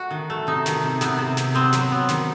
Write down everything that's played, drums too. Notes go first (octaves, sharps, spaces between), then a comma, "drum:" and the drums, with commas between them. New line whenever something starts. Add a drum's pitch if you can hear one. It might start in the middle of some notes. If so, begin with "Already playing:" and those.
Already playing: A3 F#4
D#3
A3
C3 D#4
D#3, drum: snare
C3
C3 B3, drum: snare
C3
C3, drum: snare
B3 C4
F#3, drum: snare
B3
D#3, drum: snare